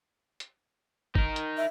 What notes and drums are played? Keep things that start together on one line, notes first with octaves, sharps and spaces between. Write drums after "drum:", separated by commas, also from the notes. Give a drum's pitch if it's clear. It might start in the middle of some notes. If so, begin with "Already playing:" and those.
drum: hi-hat
D#4 A#4, drum: kick
drum: hi-hat
E5